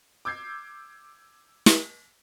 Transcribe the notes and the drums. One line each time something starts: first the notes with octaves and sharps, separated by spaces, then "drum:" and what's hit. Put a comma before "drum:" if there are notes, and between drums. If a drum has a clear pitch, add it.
D6 E6 G6 G#6 C7
drum: snare